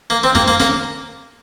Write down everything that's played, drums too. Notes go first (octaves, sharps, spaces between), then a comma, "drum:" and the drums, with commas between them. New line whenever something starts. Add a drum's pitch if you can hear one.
A#3
C4
A#3, drum: tom
A#3
A#3, drum: snare